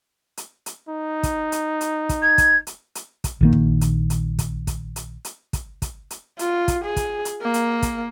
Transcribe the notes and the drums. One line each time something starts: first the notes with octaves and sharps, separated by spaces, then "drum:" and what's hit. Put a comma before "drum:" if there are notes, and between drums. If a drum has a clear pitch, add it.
drum: hi-hat
drum: hi-hat
D#4
drum: kick, hi-hat
drum: hi-hat
drum: hi-hat
drum: kick, hi-hat
G#6
drum: kick, hi-hat
drum: hi-hat
drum: hi-hat
drum: kick, hi-hat
A#1 D#3 A#3
drum: kick
drum: hi-hat
drum: hi-hat
drum: kick, hi-hat
drum: kick, hi-hat
drum: hi-hat
drum: hi-hat
drum: kick, hi-hat
drum: kick, hi-hat
drum: hi-hat
F4, drum: hi-hat
drum: kick, hi-hat
G#4
drum: kick, hi-hat
drum: hi-hat
A#3
drum: hi-hat
drum: kick, hi-hat